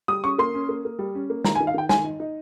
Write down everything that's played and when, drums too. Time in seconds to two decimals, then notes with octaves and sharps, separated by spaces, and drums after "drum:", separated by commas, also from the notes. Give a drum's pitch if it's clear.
0.08 G3 D#6
0.24 C#4 C#6
0.38 A#3 C6
0.54 C#4
0.69 A#3
0.85 A#3
0.99 G3
1.15 C#4
1.30 A#3
1.45 D#3 A#5, drum: snare
1.55 G#5
1.60 D#3
1.67 F5
1.74 D#3 G5
1.89 D#3 G#5, drum: snare
2.04 D#4
2.20 D#4